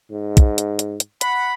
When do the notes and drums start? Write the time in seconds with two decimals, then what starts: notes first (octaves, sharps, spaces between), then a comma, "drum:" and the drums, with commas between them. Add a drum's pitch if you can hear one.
0.11 G#2
0.37 drum: kick, hi-hat
0.58 drum: hi-hat
0.79 drum: hi-hat
1.00 drum: hi-hat
1.21 F#5 B5, drum: hi-hat